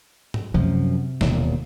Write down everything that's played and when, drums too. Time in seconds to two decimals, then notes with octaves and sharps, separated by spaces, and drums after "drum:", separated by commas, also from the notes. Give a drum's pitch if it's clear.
0.34 drum: tom G#2
0.54 F#2 C3 F3
1.21 E1 D#2 A#2, drum: snare